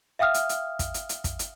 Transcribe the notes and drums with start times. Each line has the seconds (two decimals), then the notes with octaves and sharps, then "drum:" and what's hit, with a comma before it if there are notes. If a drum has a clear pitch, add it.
0.19 E5 F5 G5 D#6 F6
0.34 drum: hi-hat
0.49 drum: hi-hat
0.79 drum: kick, hi-hat
0.94 drum: hi-hat
1.09 drum: hi-hat
1.24 drum: kick, hi-hat
1.39 drum: hi-hat